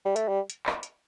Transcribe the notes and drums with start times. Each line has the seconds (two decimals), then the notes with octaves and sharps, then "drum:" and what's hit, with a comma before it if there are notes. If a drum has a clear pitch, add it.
0.06 G3
0.16 A3, drum: hi-hat
0.28 G3
0.50 drum: hi-hat
0.66 drum: clap
0.83 drum: hi-hat